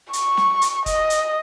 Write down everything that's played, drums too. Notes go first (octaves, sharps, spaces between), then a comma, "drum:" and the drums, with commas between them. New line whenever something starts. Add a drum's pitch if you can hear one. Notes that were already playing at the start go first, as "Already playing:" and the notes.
C#6, drum: hi-hat
drum: snare
drum: hi-hat
D#5, drum: kick, hi-hat
drum: hi-hat